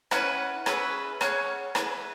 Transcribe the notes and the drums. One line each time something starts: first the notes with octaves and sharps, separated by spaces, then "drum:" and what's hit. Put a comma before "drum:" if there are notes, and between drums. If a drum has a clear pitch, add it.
C#4 E4 B4 F#5, drum: rim click
C#4 G#4 B4 E5, drum: rim click
C#4 G#4 C#5 F#5, drum: rim click
E4 G#4 B4 E5, drum: rim click